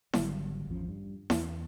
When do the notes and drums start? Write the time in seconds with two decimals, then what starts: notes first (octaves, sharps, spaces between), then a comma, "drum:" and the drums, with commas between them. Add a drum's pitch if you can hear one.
0.13 G#1 D3 F#3 G3, drum: snare E4
0.67 G#1 E2 F3 C#4
0.89 G2
1.30 E2 E3, drum: snare E4